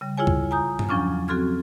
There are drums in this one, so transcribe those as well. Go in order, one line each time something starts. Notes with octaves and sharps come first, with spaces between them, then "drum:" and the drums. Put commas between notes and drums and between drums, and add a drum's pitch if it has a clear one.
C#3 G3
E4 F4 G#4 C#5 G#5
drum: kick C#2
G#5 A#5 D#6 G6
drum: tom G2
E2 F3 F#3 C#4 D4 F6
C4 F#4 A4 C6 F6 G#6